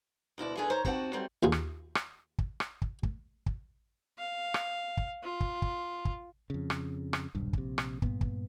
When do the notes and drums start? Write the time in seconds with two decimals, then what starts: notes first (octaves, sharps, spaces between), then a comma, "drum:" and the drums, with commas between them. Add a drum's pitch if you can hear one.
0.38 D2 B2 E4 D5
0.57 E2 D3 D4 G#4 G#5
0.70 D#3 C5 C#5 A#5
0.85 D#2 C4 F#4 G4 F#5 A5, drum: kick
1.13 F#3 G3 A3 C4
1.43 D#2 F4 G#4
1.52 drum: rim click
1.95 drum: rim click
2.38 drum: kick
2.60 drum: rim click
2.82 drum: kick
3.03 drum: kick
3.46 drum: kick
4.19 F5
4.54 drum: rim click
4.97 drum: kick
5.23 F4
5.40 drum: kick
5.62 drum: kick
6.05 drum: kick
6.50 F2 C#3
6.70 drum: rim click
7.13 drum: rim click
7.35 D#1 B1 G2
7.53 A#1 C3, drum: kick
7.78 drum: rim click
8.02 G2 A#2 B3, drum: kick
8.21 drum: kick